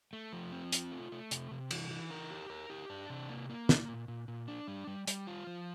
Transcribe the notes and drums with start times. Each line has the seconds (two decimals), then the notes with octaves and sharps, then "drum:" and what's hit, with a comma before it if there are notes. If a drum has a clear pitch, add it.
0.13 A3
0.33 F3
0.52 C4
0.72 F4, drum: hi-hat
0.92 A3
1.12 A3
1.31 C3, drum: hi-hat
1.51 C3
1.71 E3, drum: cymbal
1.91 E3
2.11 A#4
2.31 G4
2.50 A#4
2.70 G4
2.90 D4
3.10 C3
3.29 A#3
3.49 A#3
3.69 A#2, drum: snare
3.89 A#2
4.08 A#2
4.28 A#2
4.48 D4
4.67 G3
4.87 G3
5.07 G3, drum: hi-hat
5.27 F4
5.47 F3